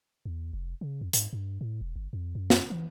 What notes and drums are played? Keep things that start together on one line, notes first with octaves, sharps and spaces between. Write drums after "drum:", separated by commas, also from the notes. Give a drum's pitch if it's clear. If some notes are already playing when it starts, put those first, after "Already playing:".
E2
F1
C#3
F2
G#2, drum: hi-hat
G2
A2
E1
G1
F2
F#2
drum: snare
E3